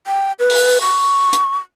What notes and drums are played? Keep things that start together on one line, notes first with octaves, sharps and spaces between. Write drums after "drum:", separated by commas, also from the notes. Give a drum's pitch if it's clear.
G5
B4
drum: open hi-hat
C#6
drum: hi-hat